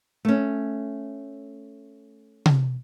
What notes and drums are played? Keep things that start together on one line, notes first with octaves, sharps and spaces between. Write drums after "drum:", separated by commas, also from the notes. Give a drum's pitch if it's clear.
A3 C#4
drum: tom C3